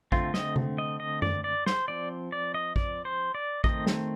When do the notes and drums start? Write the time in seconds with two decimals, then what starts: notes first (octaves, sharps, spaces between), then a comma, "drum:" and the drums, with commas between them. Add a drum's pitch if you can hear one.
0.12 D3 A3 C4 F4, drum: kick
0.34 D#5, drum: snare
0.56 drum: tom C3
0.78 D#5
1.00 D#5
1.22 D5, drum: tom F#2
1.44 D5
1.66 C5, drum: snare
1.88 F3 C4 D5
2.32 D5
2.54 D#5
2.76 D5, drum: kick
3.05 C5
3.35 D5
3.64 D#3 A3 C4 D#5, drum: kick
3.87 drum: snare